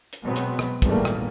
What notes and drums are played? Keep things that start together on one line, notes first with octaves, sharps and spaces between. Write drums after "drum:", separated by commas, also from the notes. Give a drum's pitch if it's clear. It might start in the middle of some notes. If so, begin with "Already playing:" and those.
drum: hi-hat
B2 F#3 G#3 B3 C4
drum: hi-hat
drum: rim click
G#1 E2 A#2 G3 A3 A#3, drum: kick, hi-hat
drum: rim click